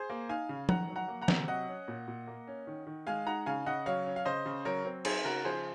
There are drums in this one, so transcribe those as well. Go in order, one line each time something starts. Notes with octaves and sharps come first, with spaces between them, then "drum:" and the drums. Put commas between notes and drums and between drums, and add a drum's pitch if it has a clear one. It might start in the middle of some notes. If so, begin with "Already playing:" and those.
Already playing: G#4 C5
A#3
D#4 F5 G#5
C#3
D#3 F#5 A#5, drum: tom F3
F#3
F#5 A#5
A#3
F#5 A#5
C3, drum: snare
F#3 D#5 F#5
C#4
A#2
A#2
A#3
C#4
D#3
D#3
G#3 F5 G#5
D#4 F#5 A#5
C#3 F5 G#5
C#3 D#5 F#5
F#3 C#5 F5
C#4
F5
C#3 C5 D#5
C#3
F#3 A#4 C#5
C4
D#4 G#4 C5, drum: cymbal
C#3 F#4 A#4
F3 G#4 C5